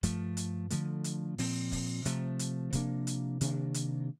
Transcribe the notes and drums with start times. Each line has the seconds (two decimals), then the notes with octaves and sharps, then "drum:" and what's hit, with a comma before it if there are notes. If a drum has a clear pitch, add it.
0.03 G2 F3 A3, drum: kick, hi-hat
0.37 drum: hi-hat
0.70 D3 F3 A3, drum: hi-hat
1.04 drum: hi-hat
1.38 A#2 F3 C4, drum: open hi-hat
1.72 drum: kick, open hi-hat
2.05 C3 F3 A3, drum: hi-hat
2.39 drum: hi-hat
2.73 C3 F3 A#3 D4, drum: kick, hi-hat
3.07 drum: hi-hat
3.41 C3 D#3 A#3 D4, drum: hi-hat
3.74 drum: hi-hat